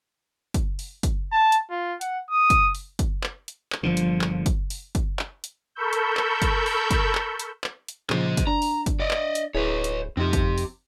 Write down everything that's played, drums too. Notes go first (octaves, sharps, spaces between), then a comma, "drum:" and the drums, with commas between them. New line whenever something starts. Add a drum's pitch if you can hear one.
drum: kick, hi-hat
drum: open hi-hat
drum: kick, hi-hat
A5
drum: hi-hat
F4
F#5, drum: hi-hat
D#6
drum: kick, hi-hat
drum: open hi-hat
drum: kick, hi-hat
drum: clap
drum: hi-hat
drum: clap
G1 A#2 D3 F3
drum: hi-hat
drum: clap
drum: kick, hi-hat
drum: open hi-hat
drum: kick, hi-hat
drum: clap
drum: hi-hat
A4 A#4 B5 C#6 E6 G6
drum: hi-hat
drum: clap
drum: kick, hi-hat
drum: open hi-hat
drum: kick, hi-hat
drum: clap
drum: hi-hat
drum: clap
drum: hi-hat
A#2 C#3 F3 G#4 C5, drum: clap
drum: kick, hi-hat
D4 A#5
drum: open hi-hat
drum: kick, hi-hat
D5 D#5
drum: clap
drum: hi-hat
D1 E4 G#4 B4 C#5
drum: hi-hat
F2 F3 C4 D#4 G4
drum: kick, hi-hat
drum: open hi-hat